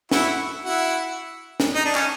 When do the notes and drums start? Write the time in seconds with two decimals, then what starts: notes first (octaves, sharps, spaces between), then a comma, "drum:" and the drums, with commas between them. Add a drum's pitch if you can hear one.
0.11 E4 F#4, drum: snare
0.65 E4 F#4
1.60 drum: snare
1.74 D#4
1.85 D4
1.95 C#4, drum: clap